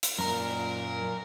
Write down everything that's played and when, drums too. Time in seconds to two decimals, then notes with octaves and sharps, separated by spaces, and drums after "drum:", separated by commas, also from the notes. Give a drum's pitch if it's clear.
0.03 drum: hi-hat
0.19 F#2 A#2 A#4 A#5